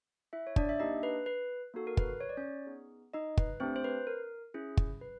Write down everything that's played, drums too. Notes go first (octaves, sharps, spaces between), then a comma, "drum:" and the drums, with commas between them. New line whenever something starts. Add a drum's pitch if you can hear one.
E4 E5
C#5
D4 D5, drum: kick
E5
A#3 D4 D#4 G4 D#5
B4
B4
A#3 D#4 F#4 A4
A#4
B4, drum: kick
C#5
D5
C#4 C#5
B3 D#4 G#4
D#4 D#5
B4, drum: kick
A3 C4 D4 G4 C5
C5
B4
A#4
C#4 E4 G#4
drum: kick
B4